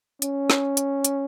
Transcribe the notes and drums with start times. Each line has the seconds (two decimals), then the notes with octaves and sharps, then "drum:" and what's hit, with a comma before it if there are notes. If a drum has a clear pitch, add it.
0.22 C#4, drum: hi-hat
0.50 drum: snare
0.77 drum: hi-hat
1.05 drum: hi-hat